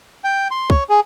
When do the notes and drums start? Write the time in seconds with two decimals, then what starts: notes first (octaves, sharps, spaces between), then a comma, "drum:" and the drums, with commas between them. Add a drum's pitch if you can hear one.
0.24 G5
0.51 C6
0.70 C#5, drum: kick
0.89 G#4